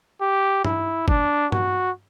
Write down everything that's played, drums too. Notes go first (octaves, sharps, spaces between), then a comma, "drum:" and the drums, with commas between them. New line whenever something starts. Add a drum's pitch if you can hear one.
G4
E4, drum: tom G2
D4, drum: kick
F#4, drum: tom G2